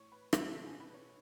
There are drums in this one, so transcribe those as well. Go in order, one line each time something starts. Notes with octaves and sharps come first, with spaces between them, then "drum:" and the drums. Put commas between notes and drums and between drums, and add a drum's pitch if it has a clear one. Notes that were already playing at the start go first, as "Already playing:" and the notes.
Already playing: A2 E3 C#5 C#6
B4 B5
drum: rim click
B2 A4 A5
G#4 G#5
B4 B5
C#5 C#6